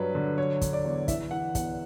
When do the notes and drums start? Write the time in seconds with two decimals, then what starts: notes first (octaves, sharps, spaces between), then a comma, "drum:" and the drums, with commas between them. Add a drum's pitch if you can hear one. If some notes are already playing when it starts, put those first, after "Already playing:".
Already playing: G2 F#3 B4
0.15 D3
0.38 F#3 C#5
0.61 D3, drum: kick, hi-hat
0.73 D5
0.84 E2
1.08 E3 E5, drum: kick, hi-hat
1.31 E3 F#5
1.55 E2 F#5, drum: kick, hi-hat